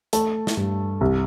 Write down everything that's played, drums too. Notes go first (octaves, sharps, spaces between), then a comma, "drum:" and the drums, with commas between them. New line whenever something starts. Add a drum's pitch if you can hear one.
A3 A5, drum: hi-hat
drum: snare
G2
C2